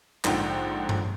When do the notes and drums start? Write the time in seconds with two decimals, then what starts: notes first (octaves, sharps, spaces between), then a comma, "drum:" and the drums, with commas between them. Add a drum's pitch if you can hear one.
0.25 A#1 G#2 D3 F3 F#5 G5, drum: clap
0.89 drum: tom G2